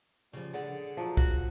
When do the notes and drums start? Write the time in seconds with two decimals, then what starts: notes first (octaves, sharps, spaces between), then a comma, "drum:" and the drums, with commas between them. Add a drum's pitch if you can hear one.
0.33 C#3 F3 G3
0.53 D3 G#4 D5 F#5
0.97 F3 F#3
1.17 F#4, drum: kick C2